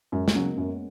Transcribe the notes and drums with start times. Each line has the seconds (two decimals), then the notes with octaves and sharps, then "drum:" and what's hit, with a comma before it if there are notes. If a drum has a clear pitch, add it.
0.12 F#2 G#3
0.28 A#3, drum: snare
0.35 C#3 F#3 C#4 F#4
0.42 B3
0.57 F#2 C#4